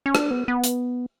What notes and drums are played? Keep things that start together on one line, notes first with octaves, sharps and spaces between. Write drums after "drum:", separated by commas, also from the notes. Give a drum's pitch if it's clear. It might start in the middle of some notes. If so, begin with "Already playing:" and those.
C#4
D4, drum: rim click
B3
B3
drum: hi-hat